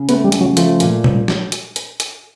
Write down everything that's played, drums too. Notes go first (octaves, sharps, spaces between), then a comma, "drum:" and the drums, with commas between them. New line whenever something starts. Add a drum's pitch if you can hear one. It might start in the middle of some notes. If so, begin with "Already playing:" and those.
Already playing: C#3
A3 B3, drum: hi-hat
G3
C#3, drum: hi-hat
F#3
F3 A3, drum: hi-hat
A#2, drum: hi-hat
drum: tom B2
drum: snare
drum: hi-hat
drum: hi-hat
drum: hi-hat